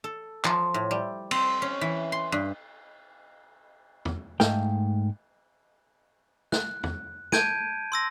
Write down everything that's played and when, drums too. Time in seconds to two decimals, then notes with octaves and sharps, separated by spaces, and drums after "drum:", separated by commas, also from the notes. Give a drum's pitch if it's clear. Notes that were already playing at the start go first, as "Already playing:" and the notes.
0.04 A4
0.44 F3, drum: clap
0.74 A2
0.91 G3
1.31 C4, drum: cymbal
1.62 C#4
1.81 E3
2.12 C6
2.32 G2
4.05 drum: tom E2
4.40 G#2 A3 F5 G5, drum: snare
6.52 F#6, drum: snare
6.83 drum: tom E2
7.32 A5 G6 G#6 D7 D#7, drum: snare
7.92 C6 E6 A#6